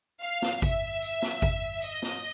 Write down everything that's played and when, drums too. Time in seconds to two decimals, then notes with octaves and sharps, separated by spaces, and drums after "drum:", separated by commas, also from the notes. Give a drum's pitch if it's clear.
0.22 F5
0.42 drum: snare
0.62 E5, drum: kick G#1, tambourine
1.02 drum: tambourine
1.22 drum: snare
1.42 drum: kick G#1, tambourine
1.82 D#5, drum: tambourine
2.02 drum: snare